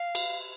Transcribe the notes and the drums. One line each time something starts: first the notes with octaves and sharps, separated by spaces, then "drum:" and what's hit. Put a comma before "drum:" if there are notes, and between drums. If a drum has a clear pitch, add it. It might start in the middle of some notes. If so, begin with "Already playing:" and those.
Already playing: F5
drum: cymbal